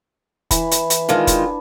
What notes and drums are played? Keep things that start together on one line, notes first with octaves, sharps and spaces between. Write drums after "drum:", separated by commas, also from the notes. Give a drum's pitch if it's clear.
E3 B5, drum: kick, hi-hat
drum: hi-hat
drum: hi-hat
D#3 G#3 D4 F4
drum: kick, hi-hat